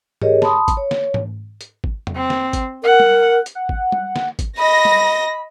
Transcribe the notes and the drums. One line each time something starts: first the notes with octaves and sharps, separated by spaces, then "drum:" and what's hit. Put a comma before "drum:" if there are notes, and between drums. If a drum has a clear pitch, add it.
G4 G#4 A#4 C#5 D#5, drum: tom G#2
A5 B5 C6 D#6, drum: snare
drum: kick G#1, hi-hat
C#5
drum: snare
drum: tom G#2
drum: hi-hat
drum: kick G#1
drum: tom E2
C4
drum: snare
drum: kick G#1, hi-hat
A#4 F#5
drum: tom G3
drum: hi-hat
F#5
drum: kick G#1
drum: tom G3
drum: snare
drum: kick G#1, hi-hat
D#5 B5 A#6
drum: tom G3